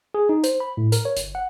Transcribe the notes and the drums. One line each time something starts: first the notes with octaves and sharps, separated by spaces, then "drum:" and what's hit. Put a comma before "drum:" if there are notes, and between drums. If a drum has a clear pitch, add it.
G#4
D#4
C5, drum: hi-hat
B5
A2
A#4, drum: hi-hat
C#5
G1, drum: hi-hat
F#5